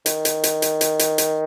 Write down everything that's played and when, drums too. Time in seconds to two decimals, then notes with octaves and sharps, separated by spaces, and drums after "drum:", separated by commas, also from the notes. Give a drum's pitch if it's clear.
0.06 D#3, drum: hi-hat
0.25 drum: hi-hat
0.44 drum: hi-hat
0.62 drum: hi-hat
0.81 drum: hi-hat
0.99 drum: hi-hat
1.18 drum: hi-hat